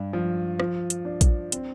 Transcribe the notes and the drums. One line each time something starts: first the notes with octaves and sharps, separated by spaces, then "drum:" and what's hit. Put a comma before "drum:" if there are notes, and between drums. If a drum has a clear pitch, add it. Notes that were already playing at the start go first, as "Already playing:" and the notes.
Already playing: G2
F3
F3, drum: rim click
drum: hi-hat
D4
drum: kick A#1, hi-hat
C4, drum: hi-hat